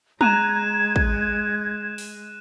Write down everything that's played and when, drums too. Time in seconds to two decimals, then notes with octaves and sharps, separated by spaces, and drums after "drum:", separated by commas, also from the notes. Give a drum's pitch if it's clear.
0.21 G#3 A#5 F#6 G#6 D#7 E7, drum: tom
0.96 drum: kick
1.98 drum: open hi-hat